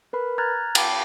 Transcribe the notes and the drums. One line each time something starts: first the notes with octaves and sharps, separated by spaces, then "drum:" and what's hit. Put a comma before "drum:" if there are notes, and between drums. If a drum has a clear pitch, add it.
A#4 B4 B5
A#5 F6 F#6 G#6 A6
F5 G5 A5 B5 D6, drum: cymbal